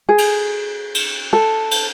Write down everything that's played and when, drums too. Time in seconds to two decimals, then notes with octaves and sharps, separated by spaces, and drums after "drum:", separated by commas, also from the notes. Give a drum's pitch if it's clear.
0.09 G#4
0.18 drum: cymbal
0.95 drum: cymbal
1.33 A4
1.71 drum: cymbal